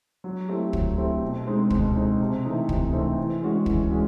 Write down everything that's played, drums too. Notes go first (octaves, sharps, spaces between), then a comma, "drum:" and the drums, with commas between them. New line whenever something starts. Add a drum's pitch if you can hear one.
F#3
A3 C4 E4 G4
F#3, drum: kick
A3 C4 E4 G4
B2
G#3 C4 D#4
B2, drum: kick
G#3 C4 D#4
C3
E3 A3 C4 D#4
C3, drum: kick
E3 A3 C4 D#4
E3
G#3 C#4 F#4
E3, drum: kick
G#3 C#4 F#4